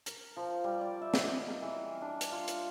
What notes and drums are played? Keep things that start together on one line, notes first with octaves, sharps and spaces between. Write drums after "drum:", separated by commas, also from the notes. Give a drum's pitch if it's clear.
A#4, drum: hi-hat
F3
G3
D5
E5
drum: snare
D#5
A#4
E3
D4
drum: hi-hat
F4
drum: hi-hat